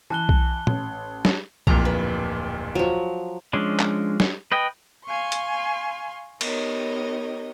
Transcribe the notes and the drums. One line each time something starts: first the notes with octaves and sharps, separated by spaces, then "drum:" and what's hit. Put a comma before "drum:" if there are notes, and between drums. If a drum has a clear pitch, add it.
E3 A5 F#6 G7
drum: kick B1
A1, drum: tom A#2
drum: snare
D1 F2 A#2 A#5, drum: kick B1
B4
F3 F#3
F3 G#3 C#4 D4
drum: clap
drum: snare
B4 D#5 G5
F5 G#5 C6 C#6
drum: hi-hat
B3 D#4 G4 A#4 C#5 D#5, drum: cymbal